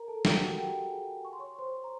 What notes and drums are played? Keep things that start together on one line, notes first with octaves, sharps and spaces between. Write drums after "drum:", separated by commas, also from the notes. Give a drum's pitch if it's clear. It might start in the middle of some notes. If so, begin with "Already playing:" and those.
Already playing: A#4 A#5
A4 A5
G4 G5, drum: snare
F#4 F#5
G4 G5
G#4 G#5
C#6
C6
C#5 C#6
C5 C6
A#5